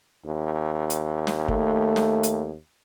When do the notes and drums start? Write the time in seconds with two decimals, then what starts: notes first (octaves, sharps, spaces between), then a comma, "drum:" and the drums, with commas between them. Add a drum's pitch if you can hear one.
0.25 D#2
0.90 drum: hi-hat
1.27 drum: snare
1.48 A3, drum: kick
1.96 drum: snare
2.23 drum: hi-hat